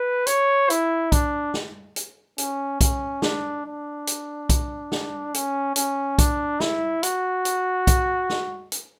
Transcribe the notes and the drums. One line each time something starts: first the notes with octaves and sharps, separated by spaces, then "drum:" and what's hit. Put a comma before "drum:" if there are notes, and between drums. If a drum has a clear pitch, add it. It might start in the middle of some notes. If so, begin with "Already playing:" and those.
Already playing: B4
C#5, drum: hi-hat
E4, drum: hi-hat
D4, drum: kick B1, hi-hat
drum: snare
drum: hi-hat
C#4, drum: hi-hat
C#4, drum: kick B1, hi-hat
D4, drum: snare
D4
drum: hi-hat
drum: kick B1, hi-hat
drum: snare
C#4, drum: hi-hat
C#4, drum: hi-hat
D4, drum: kick B1, hi-hat
E4, drum: snare
F#4, drum: hi-hat
drum: hi-hat
drum: kick B1, hi-hat
drum: snare
drum: hi-hat